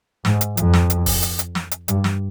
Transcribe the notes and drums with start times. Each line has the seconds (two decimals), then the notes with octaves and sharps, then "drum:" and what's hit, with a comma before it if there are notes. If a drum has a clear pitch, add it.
0.25 G#2, drum: snare
0.41 drum: hi-hat
0.57 F2, drum: hi-hat
0.73 drum: snare
0.90 drum: hi-hat
1.06 drum: kick, open hi-hat
1.22 drum: hi-hat
1.39 drum: hi-hat
1.55 drum: snare
1.71 drum: hi-hat
1.88 G2, drum: hi-hat
2.04 drum: snare